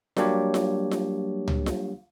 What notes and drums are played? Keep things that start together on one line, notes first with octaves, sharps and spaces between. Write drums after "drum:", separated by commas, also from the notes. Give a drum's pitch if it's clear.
F#3 G3 A#3 D4 G4 C#5, drum: snare F4
drum: snare F4
drum: snare F4
drum: tom C#2
drum: snare F4